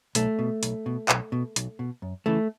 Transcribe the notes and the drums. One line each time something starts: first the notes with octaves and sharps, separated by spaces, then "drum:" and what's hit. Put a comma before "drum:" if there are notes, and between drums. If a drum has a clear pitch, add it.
B1 A3, drum: hi-hat
B2
B1, drum: hi-hat
B2
B1, drum: clap
B2
B1, drum: hi-hat
B2
F#2
C#3 E3 A3